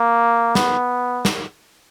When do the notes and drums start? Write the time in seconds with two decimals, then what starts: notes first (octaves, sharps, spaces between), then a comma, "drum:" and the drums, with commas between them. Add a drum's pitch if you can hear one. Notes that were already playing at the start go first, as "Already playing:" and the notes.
Already playing: A#3
0.55 B3, drum: snare
1.25 drum: snare